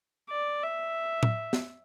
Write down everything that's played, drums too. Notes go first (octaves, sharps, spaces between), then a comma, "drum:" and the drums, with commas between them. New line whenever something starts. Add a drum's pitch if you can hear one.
D5
E5
drum: tom
drum: snare